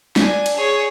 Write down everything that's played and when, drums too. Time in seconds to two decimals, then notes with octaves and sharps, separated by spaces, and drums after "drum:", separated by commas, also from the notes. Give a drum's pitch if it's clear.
0.16 D4 G#5, drum: snare
0.46 drum: cymbal
0.56 G#4 C#5